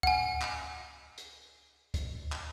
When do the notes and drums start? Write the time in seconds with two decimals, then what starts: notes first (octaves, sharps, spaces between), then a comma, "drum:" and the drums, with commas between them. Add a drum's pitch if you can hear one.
0.03 F#5 G#5, drum: kick C#2
0.41 drum: clap
1.18 drum: hi-hat
1.94 drum: kick C#2, hi-hat
2.32 drum: clap